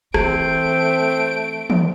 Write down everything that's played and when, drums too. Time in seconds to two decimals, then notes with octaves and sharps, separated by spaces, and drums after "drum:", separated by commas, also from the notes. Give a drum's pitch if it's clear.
0.14 E3 A3 C4 C5 D7, drum: rim click
1.70 drum: tom D#3